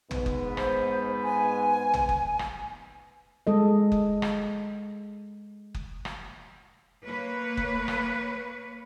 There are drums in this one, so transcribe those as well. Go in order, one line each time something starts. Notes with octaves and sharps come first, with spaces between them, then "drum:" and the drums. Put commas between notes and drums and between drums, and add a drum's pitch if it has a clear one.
G#2 B3, drum: tom
drum: kick F#1
C5, drum: rim click
G#5
drum: tom
drum: kick F#1
drum: rim click
G#3 A4 D#5
drum: kick F#1
drum: rim click
drum: kick F#1
drum: rim click
A#3 B4 C#5
drum: kick F#1
drum: rim click